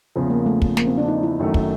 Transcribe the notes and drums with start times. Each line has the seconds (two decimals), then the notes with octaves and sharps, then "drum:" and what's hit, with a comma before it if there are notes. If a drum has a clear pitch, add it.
0.16 E2 C#3 F3
0.30 A#3
0.46 A3
0.62 drum: kick
0.77 A#3, drum: snare
0.87 C4
0.98 D4
1.08 D#4
1.23 E4
1.39 F#2 D#3 F#3 A3
1.54 drum: kick